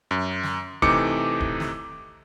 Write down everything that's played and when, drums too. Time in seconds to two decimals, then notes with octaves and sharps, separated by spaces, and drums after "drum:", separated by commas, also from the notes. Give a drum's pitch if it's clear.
0.11 F#2
0.43 drum: snare
0.82 C3 E3 A3 D#4 D6 C#7, drum: kick
1.40 drum: kick
1.60 drum: snare